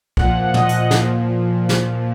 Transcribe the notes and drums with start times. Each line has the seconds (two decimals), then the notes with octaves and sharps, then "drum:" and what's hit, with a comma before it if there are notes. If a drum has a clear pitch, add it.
0.17 A#2 F3 F#5, drum: kick B1
0.54 D#5, drum: tom
0.69 drum: hi-hat
0.91 A#2 F3, drum: snare
1.69 drum: snare